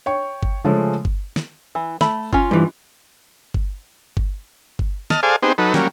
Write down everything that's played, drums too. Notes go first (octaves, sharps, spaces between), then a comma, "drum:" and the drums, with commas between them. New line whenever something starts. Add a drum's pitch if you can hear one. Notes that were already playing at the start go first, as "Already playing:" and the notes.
C#5 G5 C#6
drum: kick G1
C#3 F3 G#3 A3 C#4
drum: kick G1
drum: snare
E3
A3 B5, drum: snare
C#4 F4, drum: kick G1
G2 E3
drum: kick G1
drum: kick G1
drum: kick G1
D#5 A5 F6, drum: snare
G#4 A4 C5 D5 F5 G#5
B3 C4 D#4 G4 G#4 C5
F#3 D#4 A4 B4
F#3 G3 A#3 C#4, drum: snare